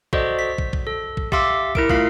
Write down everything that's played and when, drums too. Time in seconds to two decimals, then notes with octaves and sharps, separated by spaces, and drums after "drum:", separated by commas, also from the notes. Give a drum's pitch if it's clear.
0.13 F#4 A4 C5 D5 D#5, drum: kick
0.39 B6
0.58 drum: kick
0.73 drum: kick
0.87 A4
1.17 drum: kick
1.32 G4 E5 F5 C6 D6 E6, drum: kick
1.75 E4 A#4 D7, drum: kick
1.89 A3 F4 F5 C7, drum: kick